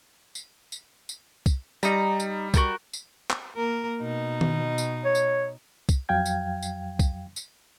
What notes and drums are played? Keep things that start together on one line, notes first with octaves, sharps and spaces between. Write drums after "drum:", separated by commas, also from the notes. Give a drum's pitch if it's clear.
drum: tambourine
drum: tambourine
drum: tambourine
drum: kick, tambourine
G3 D#4 A#5, drum: tambourine
drum: tambourine
F#4 A#4 G6, drum: kick, tambourine
drum: tambourine
drum: clap
A#3 A#4
B2 D#4
drum: tom D#3
drum: tambourine
C#5
drum: tambourine
drum: kick, tambourine
F2 F#3 F5 G5 G#6
drum: tambourine
drum: tambourine
drum: kick, tambourine
drum: tambourine